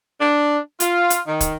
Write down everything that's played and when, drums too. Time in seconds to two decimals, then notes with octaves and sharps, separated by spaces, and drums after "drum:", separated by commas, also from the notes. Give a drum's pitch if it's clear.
0.20 D4
0.80 F4, drum: hi-hat
1.10 drum: hi-hat
1.27 D#3
1.41 drum: kick, hi-hat